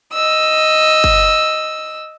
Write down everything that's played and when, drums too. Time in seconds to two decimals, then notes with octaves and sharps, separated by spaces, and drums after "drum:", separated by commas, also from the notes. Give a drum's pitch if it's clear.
0.14 D#5 E6
1.04 drum: kick G1